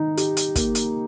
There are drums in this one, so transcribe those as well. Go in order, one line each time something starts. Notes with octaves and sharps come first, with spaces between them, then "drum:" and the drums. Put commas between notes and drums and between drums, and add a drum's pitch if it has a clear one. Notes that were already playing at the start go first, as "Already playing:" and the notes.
Already playing: D#3 D#4
G4, drum: hi-hat
drum: hi-hat
A#3, drum: kick, hi-hat
drum: hi-hat